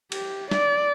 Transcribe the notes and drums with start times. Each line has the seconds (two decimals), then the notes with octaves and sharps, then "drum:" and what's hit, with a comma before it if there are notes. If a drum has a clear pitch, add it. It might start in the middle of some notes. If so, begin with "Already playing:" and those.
0.12 G4, drum: cymbal
0.51 D5, drum: snare